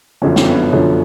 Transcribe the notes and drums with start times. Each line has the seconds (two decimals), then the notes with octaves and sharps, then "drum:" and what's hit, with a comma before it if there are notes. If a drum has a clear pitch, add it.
0.22 G1 F#2 D3 F3 C#4
0.36 C4, drum: snare
0.50 B3 C#4
0.73 G1 F#2 D3 F3